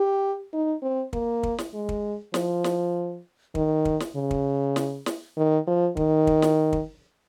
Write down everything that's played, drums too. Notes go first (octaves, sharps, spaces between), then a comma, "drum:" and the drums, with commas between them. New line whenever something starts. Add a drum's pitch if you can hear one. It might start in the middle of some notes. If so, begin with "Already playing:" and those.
Already playing: G4
D#4
C4
A#3, drum: kick
drum: kick
drum: snare
G#3
drum: kick
F3, drum: snare
drum: snare
D#3, drum: kick
drum: kick
drum: snare
C#3
drum: kick
drum: snare
drum: snare
D#3
F3
D#3, drum: kick
drum: kick
drum: snare
drum: kick